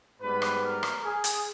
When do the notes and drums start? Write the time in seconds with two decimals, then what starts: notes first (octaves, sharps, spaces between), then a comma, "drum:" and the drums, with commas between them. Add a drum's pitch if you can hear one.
0.21 G#2 G3 B3 B4
0.42 drum: rim click
0.62 A#4
0.83 drum: rim click
1.03 G#4
1.24 drum: hi-hat